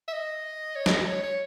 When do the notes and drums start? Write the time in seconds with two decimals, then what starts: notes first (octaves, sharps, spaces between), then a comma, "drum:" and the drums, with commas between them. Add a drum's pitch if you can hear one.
0.08 E5
0.13 D#5
0.75 C#5
0.86 D#5, drum: snare
0.97 D#5
1.07 C#5
1.23 C#5